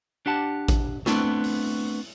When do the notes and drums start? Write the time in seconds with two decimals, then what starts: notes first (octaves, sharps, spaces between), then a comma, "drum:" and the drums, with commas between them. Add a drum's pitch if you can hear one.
0.26 D4 G4 F#5 A5
0.68 drum: kick A1, hi-hat
1.06 A3 B3 C4 D4, drum: snare
1.44 drum: open hi-hat